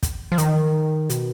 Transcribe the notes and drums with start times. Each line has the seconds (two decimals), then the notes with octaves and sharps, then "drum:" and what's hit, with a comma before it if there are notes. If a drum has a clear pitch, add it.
0.03 drum: kick, hi-hat
0.32 F3
0.38 D#3, drum: hi-hat
1.10 B2, drum: hi-hat